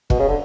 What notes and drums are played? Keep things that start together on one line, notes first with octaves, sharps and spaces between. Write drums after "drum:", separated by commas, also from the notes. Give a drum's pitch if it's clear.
B2, drum: kick F1
C#3
D3